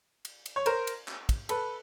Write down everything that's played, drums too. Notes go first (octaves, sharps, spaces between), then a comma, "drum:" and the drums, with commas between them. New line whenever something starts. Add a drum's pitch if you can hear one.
drum: cymbal
drum: cymbal
C#5
A#4 C5, drum: cymbal
drum: cymbal
drum: clap
drum: kick, cymbal
A4 B4, drum: cymbal